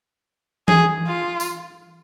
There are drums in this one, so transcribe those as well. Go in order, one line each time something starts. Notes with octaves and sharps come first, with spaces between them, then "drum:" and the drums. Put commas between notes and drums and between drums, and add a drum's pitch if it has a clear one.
G#4, drum: tom E3
F4
drum: tambourine